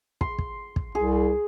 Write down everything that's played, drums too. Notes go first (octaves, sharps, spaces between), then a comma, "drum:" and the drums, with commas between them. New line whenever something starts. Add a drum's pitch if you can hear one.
C6, drum: kick
drum: kick
drum: kick
C2 G#4